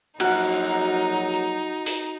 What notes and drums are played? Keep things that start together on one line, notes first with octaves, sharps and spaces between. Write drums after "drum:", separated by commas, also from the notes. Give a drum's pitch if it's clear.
A#1 F#3 D#4 F#4 F#5 A#5, drum: cymbal
drum: tambourine
drum: open hi-hat